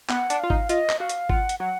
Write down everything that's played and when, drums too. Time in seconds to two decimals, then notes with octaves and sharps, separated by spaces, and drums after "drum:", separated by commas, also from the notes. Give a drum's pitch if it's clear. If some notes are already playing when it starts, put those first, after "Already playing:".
0.09 B3 F#5, drum: clap
0.30 D4, drum: hi-hat
0.40 F4 F5
0.50 D#4, drum: kick G#1
0.69 F4 D#5, drum: hi-hat
0.90 drum: clap
1.00 F#4 F5
1.09 drum: hi-hat
1.29 F4 F#5, drum: kick G#1
1.49 drum: hi-hat
1.59 F#3 F#5